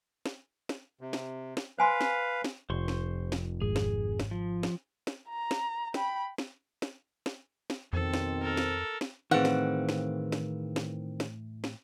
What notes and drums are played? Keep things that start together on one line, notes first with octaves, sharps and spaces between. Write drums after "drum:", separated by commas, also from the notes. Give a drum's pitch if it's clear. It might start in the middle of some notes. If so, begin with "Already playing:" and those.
drum: snare
drum: snare
C3
drum: snare
drum: snare
B4 C5 F5 G#5 C6
drum: snare
drum: snare
F1 C5 C6 C#6
drum: snare
drum: snare
G#1 G#4
drum: snare
drum: snare
F3
drum: snare
drum: snare
A#5
drum: snare
G5 B5, drum: snare
drum: snare
drum: snare
drum: snare
drum: snare
F2 B2 D#3 C4 A4
drum: snare
A4 A#4
drum: snare
drum: snare
A2 D#3 E3 C4 G#4 B4 F5 F#5
drum: snare
drum: snare
drum: snare
drum: snare
drum: snare
drum: snare